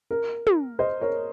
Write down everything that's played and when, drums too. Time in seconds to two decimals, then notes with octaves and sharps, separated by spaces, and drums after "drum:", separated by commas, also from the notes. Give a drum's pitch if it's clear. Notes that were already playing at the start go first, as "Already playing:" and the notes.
0.11 A#4
0.47 drum: tom
0.79 C5 D#5
1.01 A#4 C#5